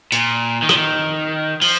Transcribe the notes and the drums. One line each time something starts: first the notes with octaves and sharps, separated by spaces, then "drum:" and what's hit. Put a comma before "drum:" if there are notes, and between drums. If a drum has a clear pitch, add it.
A#2, drum: hi-hat
D#3
F3, drum: rim click
D#3
F3, drum: open hi-hat